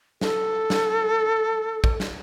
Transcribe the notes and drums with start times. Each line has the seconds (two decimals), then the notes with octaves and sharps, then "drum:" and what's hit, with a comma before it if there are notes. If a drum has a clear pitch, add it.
0.21 A4, drum: snare
0.70 drum: snare
1.84 drum: kick
2.00 drum: snare